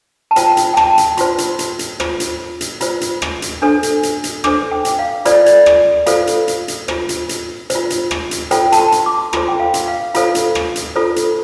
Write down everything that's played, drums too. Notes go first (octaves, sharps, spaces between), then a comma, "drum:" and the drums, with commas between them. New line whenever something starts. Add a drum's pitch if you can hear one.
A5
F4 C5 G5, drum: hi-hat
drum: hi-hat
G5
A5, drum: rim click
drum: hi-hat
F4 C5 C6, drum: hi-hat
drum: hi-hat
drum: hi-hat
drum: hi-hat
F4 C5, drum: rim click
drum: hi-hat
drum: hi-hat
F4 C5, drum: hi-hat
drum: hi-hat
drum: rim click
drum: hi-hat
D4 A4 C5
drum: hi-hat
drum: hi-hat
drum: hi-hat
D4 A4 C5 D6, drum: rim click
G5
drum: hi-hat
F5
F4 A4 C5 D5, drum: hi-hat
D5, drum: hi-hat
drum: rim click
F4 A4 C5 F5, drum: hi-hat
drum: hi-hat
drum: hi-hat
drum: hi-hat
F4 C5, drum: rim click
drum: hi-hat
drum: hi-hat
C5, drum: hi-hat
F4
drum: hi-hat
drum: rim click
drum: hi-hat
F4 A4 C5 G5, drum: hi-hat
A5, drum: hi-hat
C6
drum: hi-hat
D6
F4 A4 C5 C6, drum: rim click
G5
F5
drum: hi-hat
F5
F4 A4 C5 F5, drum: hi-hat
drum: hi-hat
drum: rim click
drum: hi-hat
F4 A4 C5
drum: hi-hat